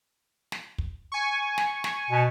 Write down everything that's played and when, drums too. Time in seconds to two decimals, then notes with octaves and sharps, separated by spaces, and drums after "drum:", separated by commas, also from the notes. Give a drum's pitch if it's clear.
0.52 drum: snare
0.78 drum: kick
1.12 G#5 C#6
1.58 drum: snare
1.84 drum: snare
2.10 B2